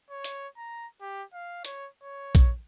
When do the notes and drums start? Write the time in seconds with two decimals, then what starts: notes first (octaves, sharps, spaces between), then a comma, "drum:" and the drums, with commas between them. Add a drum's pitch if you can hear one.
0.10 C#5
0.24 drum: hi-hat
0.57 A#5
1.01 G4
1.34 F5
1.65 C#5, drum: hi-hat
2.03 C#5
2.35 drum: kick, hi-hat